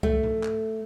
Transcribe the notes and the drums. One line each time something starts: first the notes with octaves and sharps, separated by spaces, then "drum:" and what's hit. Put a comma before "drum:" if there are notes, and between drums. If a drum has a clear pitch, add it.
A3, drum: kick C2
drum: tom G#2
drum: clap